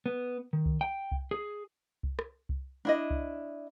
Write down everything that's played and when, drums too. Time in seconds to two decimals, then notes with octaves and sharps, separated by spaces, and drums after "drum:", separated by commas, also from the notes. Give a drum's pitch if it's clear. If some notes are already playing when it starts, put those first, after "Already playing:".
0.06 B3
0.53 D#3
0.66 drum: kick C2
0.81 G5
1.12 drum: kick C2
1.31 G#4
2.03 drum: kick C2
2.19 drum: rim click
2.49 drum: kick C2
2.85 D4 E4 D#5
3.10 drum: kick C2